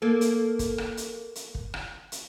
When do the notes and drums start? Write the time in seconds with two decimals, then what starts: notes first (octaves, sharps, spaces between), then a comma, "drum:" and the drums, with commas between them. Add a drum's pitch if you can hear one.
0.02 A#3 A4
0.21 drum: hi-hat
0.59 drum: kick, hi-hat
0.78 drum: rim click
0.97 drum: hi-hat
1.35 drum: hi-hat
1.55 drum: kick
1.74 drum: rim click
2.12 drum: hi-hat